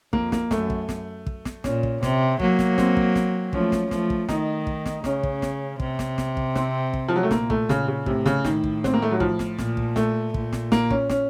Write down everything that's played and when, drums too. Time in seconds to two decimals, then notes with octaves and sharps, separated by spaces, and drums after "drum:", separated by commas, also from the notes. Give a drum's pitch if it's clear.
0.13 F2 A#3, drum: kick
0.32 A#3, drum: snare
0.51 F#2 A3, drum: snare
0.70 drum: kick
0.89 drum: snare
1.26 drum: kick
1.45 drum: snare
1.64 A#2 C#4, drum: snare
1.83 drum: kick
2.03 C3, drum: snare
2.40 F#3 A#3, drum: kick
2.59 drum: snare
2.78 C4, drum: snare
2.97 drum: kick
3.15 drum: snare
3.53 F3 A3 C#4, drum: kick
3.72 drum: snare
3.91 F3 A3, drum: snare
4.10 drum: kick
4.29 D#3 D#4, drum: snare
4.67 drum: kick
4.86 drum: snare
5.04 C#3 C#4, drum: snare
5.23 drum: kick
5.42 drum: snare
5.80 C3, drum: kick
5.99 drum: snare
6.18 drum: snare
6.37 drum: kick
6.55 C4, drum: snare
6.93 drum: kick
7.08 F3
7.16 F#3
7.23 A3
7.31 A#2 A#3, drum: snare
7.50 A3, drum: kick
7.69 C#3, drum: snare
7.88 C#3
8.06 A2 C3, drum: kick
8.26 C#3, drum: snare
8.45 A2 D#3, drum: snare
8.64 drum: kick
8.84 C4, drum: snare
8.94 A#3
9.02 A3
9.11 F#3
9.20 F3, drum: kick
9.39 drum: snare
9.59 A#2, drum: snare
9.77 drum: kick
9.96 A3, drum: snare
10.34 A#2, drum: kick
10.53 drum: snare
10.72 A#3, drum: snare
10.90 C#4, drum: kick
11.09 C#4, drum: snare